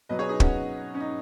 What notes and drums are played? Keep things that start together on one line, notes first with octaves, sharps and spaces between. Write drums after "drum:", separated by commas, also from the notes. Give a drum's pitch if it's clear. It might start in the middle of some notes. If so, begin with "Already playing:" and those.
B2 F#3 B3 B4 D#5
G#4 C#5
D#4 G#4
C#4 F#4, drum: kick
C#4
D#4